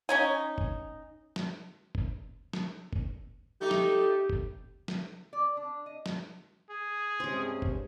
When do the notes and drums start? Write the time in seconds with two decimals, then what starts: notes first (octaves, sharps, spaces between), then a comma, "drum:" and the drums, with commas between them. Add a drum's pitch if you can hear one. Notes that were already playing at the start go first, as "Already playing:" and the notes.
0.09 C#4 D#4 G#5
0.58 drum: kick
1.36 drum: snare
1.95 drum: kick
2.53 drum: snare
2.93 drum: kick
3.61 A3 D#4 G4
3.71 drum: snare
4.30 drum: kick
4.88 drum: snare
5.33 D5
5.57 D4
5.86 D#5
6.06 drum: snare
6.70 G#4
7.20 G2 C3 G#3 C#4 C5
7.62 drum: kick